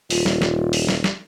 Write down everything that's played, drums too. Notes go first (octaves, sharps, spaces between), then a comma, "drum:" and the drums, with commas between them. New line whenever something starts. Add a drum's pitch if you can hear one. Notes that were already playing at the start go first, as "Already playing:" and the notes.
D#1 F4, drum: open hi-hat
drum: snare
drum: snare
drum: open hi-hat
drum: snare
drum: snare